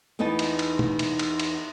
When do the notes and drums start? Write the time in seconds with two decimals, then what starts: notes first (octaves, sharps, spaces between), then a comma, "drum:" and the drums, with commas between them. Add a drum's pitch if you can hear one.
0.19 E2 B3 D#4 D#5 A5
0.39 drum: cymbal
0.59 drum: cymbal
0.79 drum: tom
0.99 drum: cymbal
1.19 drum: cymbal
1.40 drum: cymbal